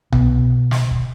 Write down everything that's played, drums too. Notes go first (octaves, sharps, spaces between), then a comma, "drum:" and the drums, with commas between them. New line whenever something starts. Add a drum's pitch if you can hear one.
B2, drum: tom B1
drum: snare
drum: kick